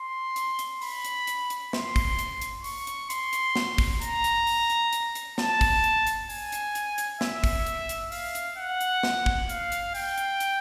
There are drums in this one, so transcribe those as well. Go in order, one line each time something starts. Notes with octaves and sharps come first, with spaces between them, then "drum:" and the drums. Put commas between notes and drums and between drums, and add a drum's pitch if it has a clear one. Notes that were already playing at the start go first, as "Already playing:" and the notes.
Already playing: C6
drum: hi-hat
drum: hi-hat
B5, drum: open hi-hat
drum: hi-hat
drum: hi-hat
drum: hi-hat
C6, drum: snare
drum: kick, open hi-hat
drum: hi-hat
drum: hi-hat
C#6, drum: open hi-hat
drum: hi-hat
C6, drum: hi-hat
drum: hi-hat
drum: snare
drum: kick, open hi-hat
A#5, drum: hi-hat
drum: hi-hat
drum: open hi-hat
drum: hi-hat
drum: hi-hat
drum: hi-hat
A5, drum: snare
drum: kick, open hi-hat
drum: hi-hat
drum: hi-hat
G#5, drum: open hi-hat
drum: hi-hat
drum: hi-hat
drum: hi-hat
E5, drum: snare
drum: kick, open hi-hat
drum: hi-hat
drum: hi-hat
F5, drum: open hi-hat
drum: hi-hat
F#5
drum: hi-hat
drum: snare
drum: kick
F5, drum: hi-hat
drum: hi-hat
G5, drum: open hi-hat
drum: hi-hat
drum: hi-hat